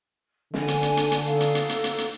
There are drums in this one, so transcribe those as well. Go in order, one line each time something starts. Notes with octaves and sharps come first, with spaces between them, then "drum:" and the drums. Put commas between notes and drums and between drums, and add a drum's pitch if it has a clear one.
D3 G#5, drum: snare
drum: hi-hat
drum: hi-hat
drum: hi-hat
drum: hi-hat
D#4 A4 F5
drum: hi-hat
drum: hi-hat
drum: hi-hat
drum: hi-hat
drum: hi-hat